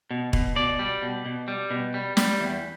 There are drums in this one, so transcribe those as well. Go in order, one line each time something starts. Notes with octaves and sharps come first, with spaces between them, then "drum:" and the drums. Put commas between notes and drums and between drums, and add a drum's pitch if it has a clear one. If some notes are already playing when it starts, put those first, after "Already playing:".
B2
B2, drum: kick E1
B2 D5
G3
B2
B2
G3
B2
G3
G3, drum: snare
E2